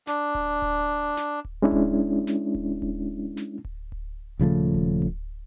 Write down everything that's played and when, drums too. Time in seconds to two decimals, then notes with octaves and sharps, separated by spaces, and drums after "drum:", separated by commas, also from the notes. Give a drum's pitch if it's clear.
0.07 D4, drum: snare
0.35 drum: kick D1
0.62 drum: kick D1
1.17 drum: snare
1.45 drum: kick D1
1.62 G#3 C#4 D4 E4
1.72 drum: kick D1
2.27 drum: snare
2.55 drum: kick D1
2.82 drum: kick D1
3.37 drum: snare
3.64 drum: kick D1
3.92 drum: kick D1
4.39 D#1 C#3 F3 A3
4.74 drum: kick D1
5.02 drum: kick D1